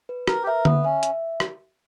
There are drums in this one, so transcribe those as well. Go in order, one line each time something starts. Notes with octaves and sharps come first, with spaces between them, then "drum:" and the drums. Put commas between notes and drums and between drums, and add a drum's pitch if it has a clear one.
B4
A#4, drum: rim click
G4
A#4 E5
B3, drum: tom D3
C#4 E5
drum: hi-hat
drum: rim click